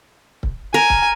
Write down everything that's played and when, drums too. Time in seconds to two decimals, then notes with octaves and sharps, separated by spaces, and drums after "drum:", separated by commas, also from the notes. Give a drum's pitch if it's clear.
0.43 drum: kick C#1
0.74 A#4 G#5
0.90 drum: kick C#1